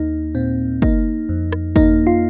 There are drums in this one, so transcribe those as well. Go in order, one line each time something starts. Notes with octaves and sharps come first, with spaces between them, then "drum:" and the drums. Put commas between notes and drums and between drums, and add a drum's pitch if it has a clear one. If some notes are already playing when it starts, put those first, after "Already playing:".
Already playing: D#2 A#3 D#4
A#2 C4
A#3 D#4, drum: kick G1
F2
drum: rim click
A#3 D#4, drum: kick G1
F4